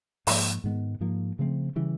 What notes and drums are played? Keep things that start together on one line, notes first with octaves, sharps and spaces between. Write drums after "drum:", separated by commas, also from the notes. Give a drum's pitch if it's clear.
G#2 F3 A#3, drum: open hi-hat
G#2 D#3 G#3 B3
G#2 F3 A#3
C#3 F3 A3 C4
C#3 E3 G3